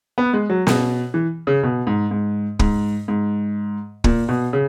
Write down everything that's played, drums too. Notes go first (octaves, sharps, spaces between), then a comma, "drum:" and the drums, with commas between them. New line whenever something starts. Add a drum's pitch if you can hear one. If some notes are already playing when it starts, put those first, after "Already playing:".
B3
G#3
F#3
B2, drum: snare
E3
C#3
B2
G#2
G#2
G#2, drum: kick
G#2
A#2, drum: kick
B2
C#3